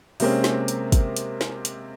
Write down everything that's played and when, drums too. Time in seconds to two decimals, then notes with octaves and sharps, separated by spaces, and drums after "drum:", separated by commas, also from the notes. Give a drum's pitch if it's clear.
0.20 C3 G#3 A#3 C4 C#4, drum: open hi-hat
0.44 drum: snare
0.68 drum: hi-hat
0.92 drum: kick, hi-hat
1.17 drum: hi-hat
1.41 drum: snare
1.65 drum: hi-hat